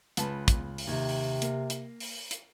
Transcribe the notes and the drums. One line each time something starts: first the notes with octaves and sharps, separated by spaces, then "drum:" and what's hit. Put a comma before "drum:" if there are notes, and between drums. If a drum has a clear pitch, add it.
C#2 B4 A5, drum: hi-hat
drum: kick, hi-hat
drum: open hi-hat
D#2 C3
drum: open hi-hat
A#3, drum: hi-hat
drum: hi-hat
drum: open hi-hat
drum: hi-hat